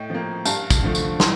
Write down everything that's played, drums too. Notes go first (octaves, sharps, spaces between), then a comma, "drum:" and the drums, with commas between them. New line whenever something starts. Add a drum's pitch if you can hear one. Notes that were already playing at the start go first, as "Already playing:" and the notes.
Already playing: A2 D#5 G5
F3 A#3
G2 F5 A5, drum: tambourine
drum: kick, tambourine
D3 F3 A3
drum: tambourine
A5 C6, drum: snare